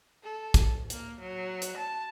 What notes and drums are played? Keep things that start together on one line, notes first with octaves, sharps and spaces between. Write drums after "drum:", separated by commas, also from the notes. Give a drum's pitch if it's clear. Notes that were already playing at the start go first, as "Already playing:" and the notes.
A4
drum: kick, hi-hat
A#3, drum: hi-hat
F#3
drum: hi-hat
A5